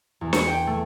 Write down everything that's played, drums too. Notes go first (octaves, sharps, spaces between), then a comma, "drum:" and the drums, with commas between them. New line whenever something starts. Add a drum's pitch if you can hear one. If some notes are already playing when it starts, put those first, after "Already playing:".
E2
C#7, drum: snare
G5
A3